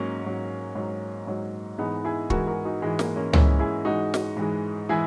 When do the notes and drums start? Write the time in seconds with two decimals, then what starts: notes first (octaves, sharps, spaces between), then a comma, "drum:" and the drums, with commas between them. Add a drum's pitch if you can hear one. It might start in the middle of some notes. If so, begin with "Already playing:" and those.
Already playing: G#2 F#3 A#3 C#4
0.24 G#2 F#3
0.75 G#2 F#3
1.27 G#2 F#3
1.78 G#2 E3 G#3 B3 D#4
2.04 E4 G#4
2.30 G#2 E3 G#3 F#4 A#4, drum: kick
2.47 F#4 A#4
2.65 D#4 F#4
2.82 G#2 E3 G#3
2.99 A#3, drum: snare
3.16 A#3 C#4
3.33 G#2 E3 G#3 C#4 E4, drum: tom C#2
3.59 E4 G#4
3.85 G#2 E3 G#3 D#4 F#4
4.14 drum: snare
4.37 G#2 E3 G#3
4.89 E3 G#3 E4 G#4